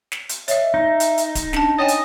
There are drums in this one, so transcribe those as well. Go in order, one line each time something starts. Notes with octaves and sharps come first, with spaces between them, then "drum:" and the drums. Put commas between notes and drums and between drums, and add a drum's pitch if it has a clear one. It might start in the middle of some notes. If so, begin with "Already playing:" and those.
drum: snare
drum: hi-hat
C#5 D#5 E5, drum: hi-hat
D#4
drum: hi-hat
drum: hi-hat
drum: kick D1, hi-hat
C#4 D4 A5, drum: snare
C#5 D#5 G5 G#5
drum: hi-hat